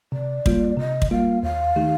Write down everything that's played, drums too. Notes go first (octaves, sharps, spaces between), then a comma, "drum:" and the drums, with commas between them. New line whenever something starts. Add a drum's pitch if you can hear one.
C3 D5
G3 A#3 F4, drum: kick
C3 D#5
drum: kick
G3 A#3 F4 F5
D#2 F5
D#3 A3 D#4 G4